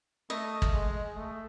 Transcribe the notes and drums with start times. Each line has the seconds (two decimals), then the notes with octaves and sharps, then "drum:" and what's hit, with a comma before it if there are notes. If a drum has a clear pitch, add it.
0.30 A3 D#5
0.62 drum: kick
0.73 G#3
1.15 A3